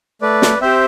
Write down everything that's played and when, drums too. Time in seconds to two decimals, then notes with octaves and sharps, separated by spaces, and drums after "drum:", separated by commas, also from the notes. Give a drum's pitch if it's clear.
0.22 A3 B4 D5
0.42 drum: snare
0.61 C4 G4 C5 E5